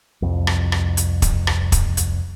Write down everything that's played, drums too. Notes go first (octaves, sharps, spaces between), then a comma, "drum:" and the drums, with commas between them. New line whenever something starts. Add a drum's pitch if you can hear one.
C2 F2
drum: rim click
drum: rim click
drum: hi-hat
drum: kick, hi-hat
drum: rim click
drum: kick, hi-hat
drum: hi-hat